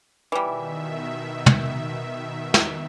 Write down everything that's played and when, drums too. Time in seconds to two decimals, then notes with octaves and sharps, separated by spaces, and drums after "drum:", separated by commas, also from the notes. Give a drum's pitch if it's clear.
0.32 B2 D#3 E3 G3 E5
1.46 drum: tom
2.54 drum: snare